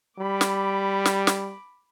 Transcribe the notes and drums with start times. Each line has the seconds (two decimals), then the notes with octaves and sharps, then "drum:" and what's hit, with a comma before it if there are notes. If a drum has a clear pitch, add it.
0.19 G3 B5 D6
0.41 drum: snare
1.05 drum: snare
1.27 drum: snare